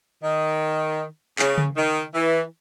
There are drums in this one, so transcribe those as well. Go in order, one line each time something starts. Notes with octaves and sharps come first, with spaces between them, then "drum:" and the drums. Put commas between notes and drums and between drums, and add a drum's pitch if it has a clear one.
D#3
C#3, drum: clap
drum: tom C#3
D#3
E3